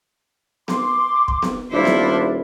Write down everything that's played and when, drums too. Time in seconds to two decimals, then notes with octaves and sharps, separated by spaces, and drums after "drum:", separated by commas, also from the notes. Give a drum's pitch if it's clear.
0.68 C6 D6, drum: snare B3
1.28 drum: kick
1.42 drum: snare B3
1.71 D#1 D4 E4 F4 C5
1.85 drum: snare B3